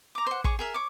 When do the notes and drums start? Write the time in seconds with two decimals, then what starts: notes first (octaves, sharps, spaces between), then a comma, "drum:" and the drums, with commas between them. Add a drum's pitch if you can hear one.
0.15 A#5 D6
0.27 C5 F#5
0.44 G#4 C#5 C#6 D6, drum: kick
0.59 G#4 A#4 E5
0.74 C#5 D6